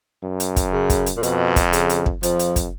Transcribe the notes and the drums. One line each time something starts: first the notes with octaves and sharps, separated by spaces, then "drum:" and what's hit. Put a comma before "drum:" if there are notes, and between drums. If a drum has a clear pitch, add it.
F#2
drum: hi-hat
drum: kick, hi-hat
C#3
drum: kick, hi-hat
drum: hi-hat
A#2
F2 B2, drum: hi-hat
drum: kick, hi-hat
C#3, drum: hi-hat
drum: hi-hat
drum: kick
F2 F3, drum: hi-hat
drum: hi-hat
drum: kick, hi-hat